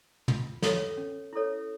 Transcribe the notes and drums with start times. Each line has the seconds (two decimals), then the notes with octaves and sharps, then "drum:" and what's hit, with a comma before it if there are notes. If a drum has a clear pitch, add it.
0.28 F4, drum: tom
0.62 A4 C#5, drum: snare
0.97 C#4
1.33 E4 A4 C#5